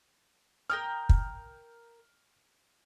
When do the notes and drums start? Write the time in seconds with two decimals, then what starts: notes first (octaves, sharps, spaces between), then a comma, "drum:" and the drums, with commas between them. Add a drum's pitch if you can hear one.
0.70 A#4 G5 D#6 F6
1.09 drum: kick